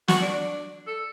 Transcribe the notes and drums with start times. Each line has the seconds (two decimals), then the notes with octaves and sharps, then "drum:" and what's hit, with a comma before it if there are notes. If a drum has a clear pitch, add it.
0.08 F#4, drum: snare
0.21 D4
0.87 A4